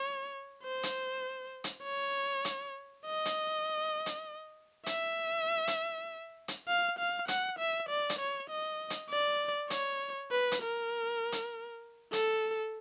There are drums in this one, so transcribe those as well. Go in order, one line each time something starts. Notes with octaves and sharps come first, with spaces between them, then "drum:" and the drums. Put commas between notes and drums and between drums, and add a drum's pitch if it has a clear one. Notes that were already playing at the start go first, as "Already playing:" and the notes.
Already playing: C#5
C5
drum: hi-hat
drum: hi-hat
C#5
drum: hi-hat
D#5
drum: hi-hat
drum: hi-hat
E5, drum: hi-hat
drum: hi-hat
drum: hi-hat
F5
F5
F#5, drum: hi-hat
E5
D5
drum: hi-hat
C#5
D#5
drum: hi-hat
D5
C#5, drum: hi-hat
B4
drum: hi-hat
A#4
drum: hi-hat
A4, drum: hi-hat